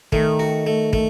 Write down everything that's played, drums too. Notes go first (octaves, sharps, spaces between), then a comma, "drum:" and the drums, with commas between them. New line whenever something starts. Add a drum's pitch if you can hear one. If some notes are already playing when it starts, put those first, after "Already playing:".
D#3 A3, drum: kick
F#4
A3
A3, drum: kick